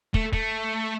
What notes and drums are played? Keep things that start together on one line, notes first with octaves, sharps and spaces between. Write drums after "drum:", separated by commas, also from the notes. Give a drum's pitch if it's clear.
A3, drum: kick
A3, drum: kick